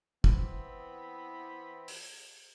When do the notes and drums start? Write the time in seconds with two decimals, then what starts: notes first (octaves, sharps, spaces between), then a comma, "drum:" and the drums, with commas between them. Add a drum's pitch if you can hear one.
0.24 E3 B3 C4, drum: kick
1.88 drum: open hi-hat